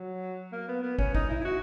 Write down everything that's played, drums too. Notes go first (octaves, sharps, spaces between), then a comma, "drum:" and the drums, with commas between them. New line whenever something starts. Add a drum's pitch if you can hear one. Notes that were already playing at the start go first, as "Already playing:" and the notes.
Already playing: F#3
A#3
B3
B3
C#4, drum: kick
D#4, drum: kick
E4
E4
F#4